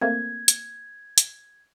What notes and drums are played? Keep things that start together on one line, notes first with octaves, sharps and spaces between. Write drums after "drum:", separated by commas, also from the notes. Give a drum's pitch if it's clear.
A3 A#3 C4 G#6
drum: hi-hat
drum: hi-hat